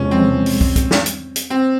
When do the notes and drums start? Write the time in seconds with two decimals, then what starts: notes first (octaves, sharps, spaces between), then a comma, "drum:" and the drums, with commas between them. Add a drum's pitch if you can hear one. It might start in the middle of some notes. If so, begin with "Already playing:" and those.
Already playing: E2 C3 F3 G#3 C#4
0.11 C4
0.46 drum: open hi-hat
0.61 drum: kick
0.76 drum: kick, hi-hat
0.91 drum: snare
1.06 drum: hi-hat
1.36 drum: hi-hat
1.50 C4